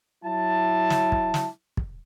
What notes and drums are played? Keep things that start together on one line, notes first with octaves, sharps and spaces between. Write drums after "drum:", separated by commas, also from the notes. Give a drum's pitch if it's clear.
F#3 E4 A5
drum: snare
drum: kick
drum: snare
drum: kick